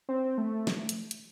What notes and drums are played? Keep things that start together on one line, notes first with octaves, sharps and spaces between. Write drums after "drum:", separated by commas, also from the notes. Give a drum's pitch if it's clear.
C4
A3
drum: snare
drum: hi-hat
drum: hi-hat